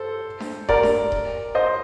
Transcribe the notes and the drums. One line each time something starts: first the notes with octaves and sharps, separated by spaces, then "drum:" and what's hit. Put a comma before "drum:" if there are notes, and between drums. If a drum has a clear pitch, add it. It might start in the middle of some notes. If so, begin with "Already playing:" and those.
Already playing: A4 C5
drum: snare D4
A#4 D5, drum: kick D#1
drum: snare D4
drum: kick D#1
C5 D#5